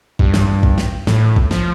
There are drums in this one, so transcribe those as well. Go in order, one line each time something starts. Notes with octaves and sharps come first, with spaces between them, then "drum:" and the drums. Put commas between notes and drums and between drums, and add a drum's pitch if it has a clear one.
G2, drum: kick
drum: snare
drum: kick
drum: snare
A2, drum: snare
drum: kick
F3, drum: snare